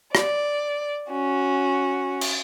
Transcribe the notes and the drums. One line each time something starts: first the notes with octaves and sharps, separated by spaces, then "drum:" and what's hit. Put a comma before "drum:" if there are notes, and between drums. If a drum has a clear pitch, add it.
D5, drum: rim click
C#4 F#4
drum: cymbal